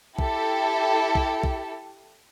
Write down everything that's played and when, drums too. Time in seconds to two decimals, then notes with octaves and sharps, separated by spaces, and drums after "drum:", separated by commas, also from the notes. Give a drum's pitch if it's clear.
0.19 E4 G4 A4, drum: kick
1.15 drum: kick
1.44 drum: kick